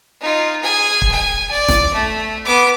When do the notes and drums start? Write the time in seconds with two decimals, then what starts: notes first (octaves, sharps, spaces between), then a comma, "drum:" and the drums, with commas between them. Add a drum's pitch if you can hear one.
0.21 D#4 F4
0.63 G#4 G#5
1.02 drum: kick
1.12 G#5
1.51 D5
1.68 drum: snare
1.94 A3
2.45 B3 D6